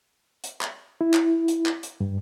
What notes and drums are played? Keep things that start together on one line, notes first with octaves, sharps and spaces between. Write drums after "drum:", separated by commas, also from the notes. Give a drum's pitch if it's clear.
drum: hi-hat
drum: clap
E4
drum: clap
drum: hi-hat
drum: clap
drum: hi-hat
G2